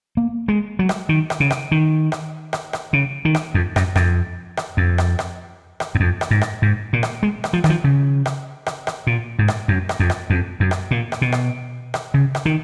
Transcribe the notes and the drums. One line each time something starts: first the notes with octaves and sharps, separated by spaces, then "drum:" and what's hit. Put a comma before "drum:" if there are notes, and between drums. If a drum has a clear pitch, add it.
A#3
G#3
F#3
drum: rim click
D#3
drum: rim click
C#3
drum: rim click
D#3
drum: rim click
drum: rim click
drum: rim click
C#3
D#3
drum: rim click
F2
F#2, drum: rim click
F2, drum: rim click
drum: rim click
F2
drum: rim click
drum: rim click
drum: rim click
F#2
F2
drum: rim click
G#2
drum: rim click
G#2
A#2
drum: rim click
G#3
drum: rim click
F3
D#3, drum: rim click
F3
C#3
drum: rim click
drum: rim click
drum: rim click
A#2
G#2
drum: rim click
F#2
drum: rim click
F2
drum: rim click
F2
F#2
drum: rim click
A#2
drum: rim click
B2
drum: rim click
drum: rim click
C#3
drum: rim click
D#3